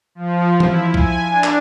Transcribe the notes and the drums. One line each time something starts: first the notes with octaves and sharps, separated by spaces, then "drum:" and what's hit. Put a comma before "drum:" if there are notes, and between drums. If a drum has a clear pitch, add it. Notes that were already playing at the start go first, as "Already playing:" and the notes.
F3
E4, drum: tom E3
G#5, drum: kick
D4
drum: clap